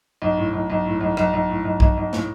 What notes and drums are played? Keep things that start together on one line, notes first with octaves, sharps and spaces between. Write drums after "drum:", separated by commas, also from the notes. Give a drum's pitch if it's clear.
B1
A2
B1
B1
A2
B1
B1, drum: rim click
B1
A2
B1
B1, drum: kick
B1
A2, drum: snare